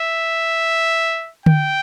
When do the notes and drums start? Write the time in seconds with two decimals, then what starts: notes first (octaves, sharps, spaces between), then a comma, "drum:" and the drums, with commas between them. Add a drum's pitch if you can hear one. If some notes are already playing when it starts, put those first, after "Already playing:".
Already playing: E5
1.46 G5, drum: tom D3